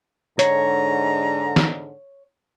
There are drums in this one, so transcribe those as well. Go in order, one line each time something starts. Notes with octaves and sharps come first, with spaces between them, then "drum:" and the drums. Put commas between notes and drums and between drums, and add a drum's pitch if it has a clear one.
G#2 D3 C#5 A#5, drum: hi-hat
drum: snare